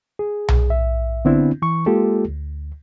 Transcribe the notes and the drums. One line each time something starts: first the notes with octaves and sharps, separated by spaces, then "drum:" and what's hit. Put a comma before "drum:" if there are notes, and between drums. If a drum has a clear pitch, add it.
G#4
drum: tom B1
E5
D3 B3 C4 D4 E4
E3 C#6
G#3 A#3 F4 G4 A4
D2